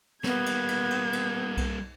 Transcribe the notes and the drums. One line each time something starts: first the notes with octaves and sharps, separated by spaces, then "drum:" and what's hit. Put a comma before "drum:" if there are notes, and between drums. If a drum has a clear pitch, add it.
G3 A#3 B3 G#6, drum: snare
drum: cymbal
drum: cymbal
drum: cymbal
drum: cymbal
drum: kick B1, cymbal